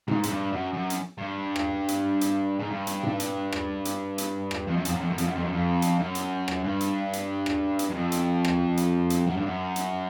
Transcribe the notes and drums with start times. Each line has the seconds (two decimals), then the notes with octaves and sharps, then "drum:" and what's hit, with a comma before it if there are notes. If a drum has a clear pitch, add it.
0.08 G#2, drum: tom G#2
0.23 G#2, drum: hi-hat
0.30 G2
0.52 F#2
0.73 F#2
0.90 drum: hi-hat
1.18 G2
1.56 drum: rim click
1.88 drum: hi-hat
2.21 drum: hi-hat
2.59 G#2
2.70 G2
2.87 drum: hi-hat
3.03 drum: tom G#2
3.20 drum: hi-hat
3.52 drum: rim click
3.85 drum: hi-hat
4.18 drum: hi-hat
4.51 drum: rim click
4.67 F2
4.76 F#2
4.85 F2, drum: hi-hat
4.93 F#2
5.01 F2
5.10 F#2
5.18 F2, drum: hi-hat
5.27 F#2
5.35 F2
5.45 F#2
5.53 F2
5.82 drum: hi-hat
5.99 F#2
6.15 drum: hi-hat
6.48 drum: rim click
6.64 G2
6.81 drum: hi-hat
7.13 drum: hi-hat
7.46 drum: rim click
7.79 drum: hi-hat
7.90 F#2
7.95 F2
8.12 drum: hi-hat
8.45 drum: rim click
8.77 drum: hi-hat
9.10 drum: hi-hat
9.27 F#2
9.37 G2
9.46 F#2
9.76 drum: hi-hat